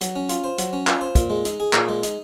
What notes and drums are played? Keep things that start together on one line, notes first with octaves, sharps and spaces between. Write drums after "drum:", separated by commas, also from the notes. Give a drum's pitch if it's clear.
F#3, drum: hi-hat
C#4
F4, drum: hi-hat
C5
F#3, drum: hi-hat
C#4
F4, drum: clap
C5
A#2, drum: kick, hi-hat
G#3
D#4, drum: hi-hat
G#4
A#2, drum: clap
G#3
D#4, drum: hi-hat